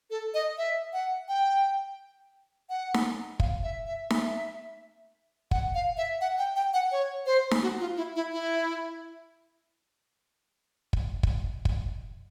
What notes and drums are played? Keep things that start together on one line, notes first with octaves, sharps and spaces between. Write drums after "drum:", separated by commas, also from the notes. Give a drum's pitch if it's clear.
A4
D#5
E5
F#5
G5
F#5
drum: snare D#4
F5, drum: kick
E5
E5
E5, drum: snare D#4
F#5, drum: kick
F5
E5
F#5
G5
G5
F#5
C#5
C5
drum: snare D#4
F#4
F4
E4
E4
E4
drum: kick
drum: kick
drum: kick